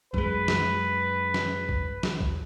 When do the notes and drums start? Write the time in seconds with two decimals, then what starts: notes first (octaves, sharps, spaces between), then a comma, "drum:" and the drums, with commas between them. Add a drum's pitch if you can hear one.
0.14 F#2 G#3 B4, drum: kick
0.48 drum: snare
1.34 drum: snare
1.69 drum: kick
2.03 drum: snare
2.21 drum: kick